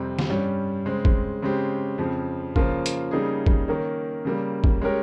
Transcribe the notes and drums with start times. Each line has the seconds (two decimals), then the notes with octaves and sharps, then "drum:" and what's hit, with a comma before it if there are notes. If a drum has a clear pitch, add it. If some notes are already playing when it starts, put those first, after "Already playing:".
Already playing: F2 C3 G3 C4
0.19 drum: snare
0.29 G2 G3 C#4
0.86 C#3 G#3 C4
1.05 drum: kick G#1
1.42 C#3 G#3 C4 G4
1.98 F2 C#3 F3
2.56 C#3 F3 A#3 F4, drum: kick G#1
2.86 drum: hi-hat
3.11 C#3 G3 A#3 D#4 G#4
3.46 drum: kick G#1
3.68 D#3 A#3 C#4
4.25 C#3 G3 A#3
4.64 drum: kick G#1
4.82 G#3 C#4 G4 A#4 C#5